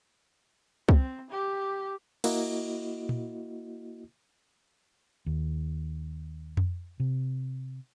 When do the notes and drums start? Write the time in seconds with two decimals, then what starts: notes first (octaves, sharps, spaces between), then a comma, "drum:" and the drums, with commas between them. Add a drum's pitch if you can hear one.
0.89 C4, drum: kick
1.30 G4
2.24 A#3 E4 F#4 D#5, drum: cymbal
3.09 drum: tom A#2
5.26 D#2
6.57 drum: tom F2
7.00 C3